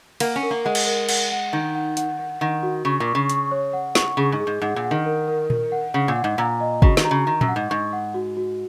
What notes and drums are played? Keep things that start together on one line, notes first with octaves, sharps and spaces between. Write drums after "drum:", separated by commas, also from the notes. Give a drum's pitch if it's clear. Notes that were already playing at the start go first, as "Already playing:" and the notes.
A#3 F#5, drum: cymbal
C#4
A#4
A#3
G#3 F#5
drum: cymbal
A#4
F#5, drum: cymbal
F#5
D#3 D#4
F#5
F#5, drum: hi-hat
F#5
D#3 F#5
F#4
C#3 C#6
A#2
C#6
C#3
C#6, drum: hi-hat
C#5
F#5
C#6, drum: snare
C#3 G#4
G#2
G#4
G#2
G#2 F#5
A#2
F#5
D#3
A#4
A#4
A#4, drum: tom A#2
F#5
C#3 F#5
A#2
F#5
G#2
A#2 A#5
D#5
C#3 F#4, drum: kick
D#3, drum: snare
A#5
C#3
D#3 A#5
F#2, drum: tom A#2
F#5
G#2
G#2 C#6
F#5
F#4
F#4